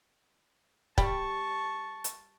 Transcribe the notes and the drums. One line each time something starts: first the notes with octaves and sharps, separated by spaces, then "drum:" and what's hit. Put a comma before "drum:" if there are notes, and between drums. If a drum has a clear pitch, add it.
G3 A5 C#6, drum: kick
drum: hi-hat